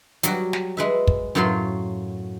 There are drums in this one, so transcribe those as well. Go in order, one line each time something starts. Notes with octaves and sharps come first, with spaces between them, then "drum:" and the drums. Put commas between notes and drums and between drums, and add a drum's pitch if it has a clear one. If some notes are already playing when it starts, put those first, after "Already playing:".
F#3 G3 F#4, drum: hi-hat
drum: snare
G#3 B4 E5
drum: kick
F#2 A2 F#3 F4 C6